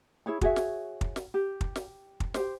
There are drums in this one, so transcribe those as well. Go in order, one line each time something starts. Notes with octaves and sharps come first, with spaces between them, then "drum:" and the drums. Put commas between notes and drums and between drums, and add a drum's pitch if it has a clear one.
E4 G#4 C#5 B5
F#4 G#4 C#5 E5, drum: kick
drum: snare
drum: kick
drum: snare
G4
drum: kick
drum: snare
drum: kick
G4 C5, drum: snare